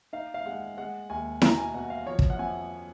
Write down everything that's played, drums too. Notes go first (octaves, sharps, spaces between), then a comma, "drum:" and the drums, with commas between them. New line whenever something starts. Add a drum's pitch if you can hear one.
D#4 F5
F5
G#3 F#5
G#3 F#5
D#2 G#5
B2 A#5, drum: snare E4
G#5
B2 F#5
F5
F3 C#5
drum: kick
F#5
F2 G#5